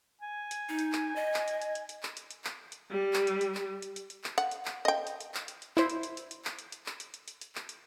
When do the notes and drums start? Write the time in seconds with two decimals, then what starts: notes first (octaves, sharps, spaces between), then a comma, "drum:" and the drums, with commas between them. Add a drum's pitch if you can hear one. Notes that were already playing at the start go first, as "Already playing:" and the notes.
0.21 G#5
0.51 drum: hi-hat
0.69 D#4
0.79 drum: hi-hat
0.92 drum: clap
1.16 D#5
1.34 drum: clap
1.48 drum: hi-hat
1.62 drum: hi-hat
1.75 drum: hi-hat
1.89 drum: hi-hat
2.03 drum: clap
2.17 drum: hi-hat
2.31 drum: hi-hat
2.44 drum: clap
2.72 drum: hi-hat
2.91 G3
3.13 drum: clap
3.27 drum: hi-hat
3.41 drum: hi-hat
3.55 drum: clap
3.82 drum: hi-hat
3.96 drum: hi-hat
4.10 drum: hi-hat
4.24 drum: clap
4.38 F#5, drum: hi-hat
4.51 drum: hi-hat
4.65 drum: clap
4.85 D#5 G5
5.07 drum: hi-hat
5.21 drum: hi-hat
5.34 drum: clap
5.48 drum: hi-hat
5.62 drum: hi-hat
5.77 E4 C5, drum: clap
5.90 drum: hi-hat
6.03 drum: hi-hat
6.17 drum: hi-hat
6.31 drum: hi-hat
6.45 drum: clap
6.59 drum: hi-hat
6.72 drum: hi-hat
6.86 drum: clap
7.00 drum: hi-hat
7.14 drum: hi-hat
7.28 drum: hi-hat
7.41 drum: hi-hat
7.55 drum: clap
7.69 drum: hi-hat